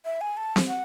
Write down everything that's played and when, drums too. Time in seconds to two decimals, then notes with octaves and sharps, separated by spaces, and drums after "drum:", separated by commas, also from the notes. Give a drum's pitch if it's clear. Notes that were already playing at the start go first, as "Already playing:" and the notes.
0.05 E5
0.21 G#5
0.37 A5
0.56 drum: snare C4
0.68 F#5